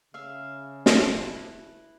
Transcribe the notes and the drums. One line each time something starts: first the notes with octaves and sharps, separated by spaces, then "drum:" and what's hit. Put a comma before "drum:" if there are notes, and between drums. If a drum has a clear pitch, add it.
C#3 E5 F5
E4 B4 A5, drum: snare